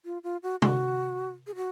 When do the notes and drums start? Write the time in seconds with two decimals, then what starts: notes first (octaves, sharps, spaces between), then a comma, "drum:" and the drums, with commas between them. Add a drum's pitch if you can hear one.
0.05 F4
0.24 F4
0.43 F#4
0.62 F#4, drum: tom
1.47 G#4
1.56 F#4